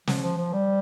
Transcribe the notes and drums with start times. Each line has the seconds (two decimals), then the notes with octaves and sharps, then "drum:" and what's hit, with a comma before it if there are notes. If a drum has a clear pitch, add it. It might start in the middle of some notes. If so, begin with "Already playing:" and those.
0.07 F3, drum: snare
0.23 F3
0.37 F3
0.53 G3